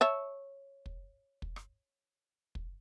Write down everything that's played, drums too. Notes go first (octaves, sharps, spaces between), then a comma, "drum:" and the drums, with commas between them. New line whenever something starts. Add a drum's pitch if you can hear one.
C#5 E5 A5
drum: kick
drum: kick
drum: rim click
drum: kick